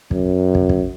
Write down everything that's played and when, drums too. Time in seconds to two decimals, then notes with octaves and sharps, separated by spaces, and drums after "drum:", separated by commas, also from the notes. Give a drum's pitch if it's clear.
0.11 F#2, drum: kick
0.55 drum: kick
0.69 drum: kick